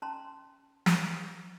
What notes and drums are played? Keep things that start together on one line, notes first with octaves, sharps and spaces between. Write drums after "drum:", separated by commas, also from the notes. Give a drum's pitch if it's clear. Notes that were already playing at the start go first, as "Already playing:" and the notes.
C#4 A5 A#5 C6
drum: snare